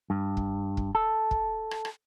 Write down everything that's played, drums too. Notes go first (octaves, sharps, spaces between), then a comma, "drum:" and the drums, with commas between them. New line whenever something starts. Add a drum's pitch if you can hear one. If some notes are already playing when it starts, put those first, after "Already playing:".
G2
drum: kick
drum: kick
A4
drum: kick
drum: rim click
drum: rim click